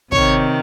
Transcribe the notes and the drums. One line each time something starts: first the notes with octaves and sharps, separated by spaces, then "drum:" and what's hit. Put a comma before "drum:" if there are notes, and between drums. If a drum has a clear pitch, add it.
C3 D#3 C#5, drum: kick